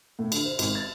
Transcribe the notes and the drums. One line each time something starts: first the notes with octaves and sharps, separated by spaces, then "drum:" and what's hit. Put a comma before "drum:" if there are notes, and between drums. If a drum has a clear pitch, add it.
A2
D3, drum: cymbal
C5
G#1, drum: cymbal
A6